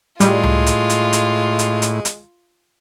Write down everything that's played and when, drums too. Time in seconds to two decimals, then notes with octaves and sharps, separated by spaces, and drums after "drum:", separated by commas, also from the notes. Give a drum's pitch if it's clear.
0.20 A2 G3 G#3 F4, drum: hi-hat
0.43 drum: tom C#2
0.66 drum: hi-hat
0.90 drum: hi-hat
1.13 drum: hi-hat
1.59 drum: hi-hat
1.82 drum: hi-hat
2.05 drum: hi-hat